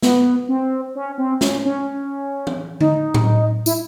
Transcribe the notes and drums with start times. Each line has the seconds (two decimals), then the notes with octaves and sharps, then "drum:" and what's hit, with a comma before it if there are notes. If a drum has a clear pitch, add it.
0.02 B3, drum: snare
0.49 C4
0.95 C#4
1.18 C4
1.41 C#4, drum: snare
1.65 C#4
2.47 drum: tom E3
2.80 D#4, drum: tom D3
3.14 drum: tom A2
3.66 E4, drum: tambourine